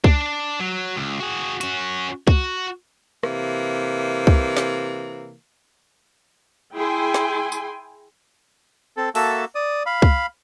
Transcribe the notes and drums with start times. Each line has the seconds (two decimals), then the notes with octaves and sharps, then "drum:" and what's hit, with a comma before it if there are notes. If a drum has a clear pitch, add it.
0.04 D4, drum: kick
0.60 F#3
0.97 C#2
1.20 F#4 G#4
1.61 C#4 F#4, drum: hi-hat
2.27 F#4, drum: kick
3.23 C3 E3 A#3, drum: rim click
4.27 drum: kick
4.57 drum: snare
6.74 E4 G#4 G5 G#5 C6
7.14 drum: snare
7.52 drum: tambourine
8.97 C4 A4
9.15 A#3 F#4 A4 E5 A5 E6, drum: open hi-hat
9.55 D5 D#6
9.86 F5 B5
10.02 drum: kick